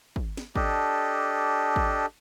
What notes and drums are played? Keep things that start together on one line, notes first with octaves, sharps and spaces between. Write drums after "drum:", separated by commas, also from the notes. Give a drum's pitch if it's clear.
drum: kick
drum: snare
D4 G4 A4 D#5, drum: kick
drum: kick